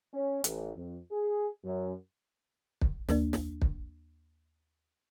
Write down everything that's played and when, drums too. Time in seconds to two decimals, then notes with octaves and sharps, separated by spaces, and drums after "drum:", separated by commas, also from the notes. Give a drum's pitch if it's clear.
0.13 C#4
0.44 A1, drum: hi-hat
0.76 F2
1.11 G#4
1.65 F#2
2.81 drum: kick
3.09 D#2 A#3 D4, drum: snare
3.33 drum: snare
3.62 drum: kick